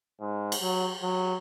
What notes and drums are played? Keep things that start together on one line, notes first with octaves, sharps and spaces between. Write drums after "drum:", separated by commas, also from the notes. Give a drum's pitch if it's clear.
G#2
drum: cymbal
F#3
F#3